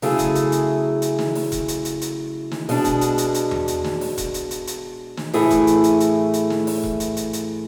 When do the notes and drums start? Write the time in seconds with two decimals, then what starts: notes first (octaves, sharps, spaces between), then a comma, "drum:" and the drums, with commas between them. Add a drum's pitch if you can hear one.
0.02 C#3 F#3 A3 E4 G#4, drum: open hi-hat
0.19 drum: kick E1, hi-hat
0.35 drum: hi-hat
0.52 drum: hi-hat
1.02 drum: hi-hat
1.19 drum: snare
1.35 drum: open hi-hat
1.52 drum: kick E1, hi-hat
1.68 drum: hi-hat
1.85 drum: hi-hat
2.02 drum: hi-hat
2.51 drum: snare
2.69 B2 G#3 D4, drum: open hi-hat
2.85 drum: kick E1, hi-hat
3.01 drum: hi-hat
3.18 drum: hi-hat
3.35 drum: hi-hat
3.51 drum: tom E2
3.68 drum: hi-hat
3.84 drum: snare
4.01 drum: open hi-hat
4.18 drum: kick E1, hi-hat
4.34 drum: hi-hat
4.51 drum: hi-hat
4.67 drum: hi-hat
5.17 drum: snare
5.33 A2 E3 A3 E4 G#4, drum: open hi-hat
5.51 drum: kick E1, hi-hat
5.67 drum: hi-hat
5.84 drum: hi-hat
6.00 drum: hi-hat
6.34 drum: hi-hat
6.50 drum: snare
6.67 drum: open hi-hat
6.84 drum: kick E1
7.00 drum: hi-hat
7.17 drum: hi-hat
7.33 drum: hi-hat